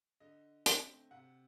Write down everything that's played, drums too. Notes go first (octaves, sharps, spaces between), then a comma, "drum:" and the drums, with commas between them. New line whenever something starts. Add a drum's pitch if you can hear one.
D3 D#5
A3 C4, drum: hi-hat
C3 F#5